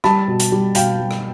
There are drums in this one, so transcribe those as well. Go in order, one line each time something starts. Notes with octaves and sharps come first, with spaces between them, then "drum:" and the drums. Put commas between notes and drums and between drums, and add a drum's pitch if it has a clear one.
G3 A5 B5, drum: rim click
B2
drum: hi-hat
G3
B2 F5 G5, drum: hi-hat
G3
drum: rim click